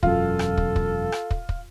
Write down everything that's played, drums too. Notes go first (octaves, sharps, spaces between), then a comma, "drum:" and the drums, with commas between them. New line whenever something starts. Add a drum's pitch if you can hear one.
E1 F#2 F4 A4, drum: kick
drum: rim click
drum: kick
drum: kick
drum: rim click
drum: kick
drum: kick